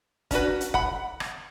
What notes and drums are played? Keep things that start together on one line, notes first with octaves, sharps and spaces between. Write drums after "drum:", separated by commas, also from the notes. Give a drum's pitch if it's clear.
C#4 D4 F#4 B4, drum: kick, hi-hat
drum: hi-hat
F#5 B5, drum: kick
drum: rim click